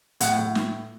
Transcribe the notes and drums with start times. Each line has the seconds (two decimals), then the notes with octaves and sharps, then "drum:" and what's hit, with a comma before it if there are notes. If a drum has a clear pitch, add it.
0.20 A2 F#5, drum: hi-hat
0.39 A2
0.55 drum: snare